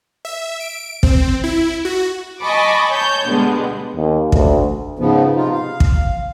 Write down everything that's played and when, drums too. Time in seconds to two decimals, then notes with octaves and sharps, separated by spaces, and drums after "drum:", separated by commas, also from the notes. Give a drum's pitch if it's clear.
0.25 E5
0.60 D7
1.03 C4, drum: kick
1.44 E4
1.85 F#4
2.41 D#5 G#5 A5 B5 C#6 D6
2.90 C#5 A5 G6
3.27 D2 B2 D3 G3 G#3 B3
3.96 D#2
4.32 D2, drum: kick
4.99 G#2 C#3 F3 B3
5.36 C3 D#4 F4
5.52 F5
5.80 drum: kick